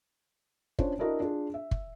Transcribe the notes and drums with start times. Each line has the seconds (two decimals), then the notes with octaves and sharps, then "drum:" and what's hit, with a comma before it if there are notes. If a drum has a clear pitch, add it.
0.79 C#4 D4 F4 C5 C#5, drum: kick
0.99 D4 E4 F#4 A#4 D#5
1.20 D4 F4 G#4
1.54 E5
1.71 drum: kick